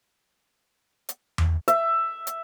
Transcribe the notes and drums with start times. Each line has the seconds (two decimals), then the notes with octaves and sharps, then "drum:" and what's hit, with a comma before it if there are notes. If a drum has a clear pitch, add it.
1.09 drum: hi-hat
1.38 drum: tom E2
1.68 E5, drum: hi-hat
2.27 drum: hi-hat